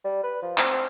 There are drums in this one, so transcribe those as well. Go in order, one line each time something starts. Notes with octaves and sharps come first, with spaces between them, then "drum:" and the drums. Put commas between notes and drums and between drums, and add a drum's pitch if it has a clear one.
G3
B4
F3
C4, drum: clap